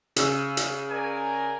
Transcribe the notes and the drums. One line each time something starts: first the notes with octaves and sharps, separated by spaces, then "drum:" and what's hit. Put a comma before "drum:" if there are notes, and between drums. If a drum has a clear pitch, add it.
C#3 E6, drum: hi-hat
drum: hi-hat
A#4 D5 G#5